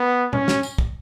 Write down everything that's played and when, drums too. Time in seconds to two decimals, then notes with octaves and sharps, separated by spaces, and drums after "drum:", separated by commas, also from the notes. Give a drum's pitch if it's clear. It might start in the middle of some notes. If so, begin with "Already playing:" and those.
Already playing: B3
0.33 C#4, drum: tom A#2
0.48 drum: snare
0.63 drum: tambourine
0.78 drum: kick